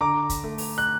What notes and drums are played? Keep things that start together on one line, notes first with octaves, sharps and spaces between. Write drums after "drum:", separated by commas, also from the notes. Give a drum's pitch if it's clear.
D3 A#5 D6
drum: kick, hi-hat
A3
drum: open hi-hat
F#6